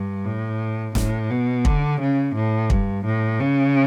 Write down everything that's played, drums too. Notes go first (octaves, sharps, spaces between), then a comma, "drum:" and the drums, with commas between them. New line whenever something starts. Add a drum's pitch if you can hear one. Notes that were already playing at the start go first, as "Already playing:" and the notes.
Already playing: G2
A2
A2, drum: snare
B2
D3, drum: kick
C#3
A2
G2, drum: kick
A2
C#3